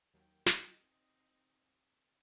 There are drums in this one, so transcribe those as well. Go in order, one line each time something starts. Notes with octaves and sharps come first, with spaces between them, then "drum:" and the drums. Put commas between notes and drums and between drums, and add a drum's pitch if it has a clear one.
D#2 D#3 F#3 G5
D#5, drum: snare
C4 D#4